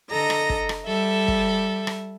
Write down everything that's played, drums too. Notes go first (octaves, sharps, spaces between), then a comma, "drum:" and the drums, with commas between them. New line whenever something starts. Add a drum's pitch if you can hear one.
D3 A4 D#5 A#5 A#6
drum: rim click
drum: kick
drum: rim click
G3 A4 E5
drum: kick
drum: rim click